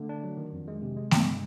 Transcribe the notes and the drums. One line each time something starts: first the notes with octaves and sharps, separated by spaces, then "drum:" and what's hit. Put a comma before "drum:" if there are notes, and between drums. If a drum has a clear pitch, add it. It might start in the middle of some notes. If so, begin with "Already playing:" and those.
Already playing: D3 A3
D4
F#3
D#3
F2
G#3
C3
G#3
G2, drum: snare A3